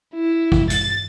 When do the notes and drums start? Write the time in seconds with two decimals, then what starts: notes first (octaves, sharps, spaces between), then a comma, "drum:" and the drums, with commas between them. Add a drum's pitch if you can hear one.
0.14 E4
0.52 drum: kick
0.70 A6, drum: hi-hat